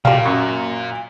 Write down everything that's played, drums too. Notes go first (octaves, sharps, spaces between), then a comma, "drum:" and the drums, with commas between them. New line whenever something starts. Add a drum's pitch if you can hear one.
A#2 G3 F4 F5, drum: tom A#2
F#2 C#6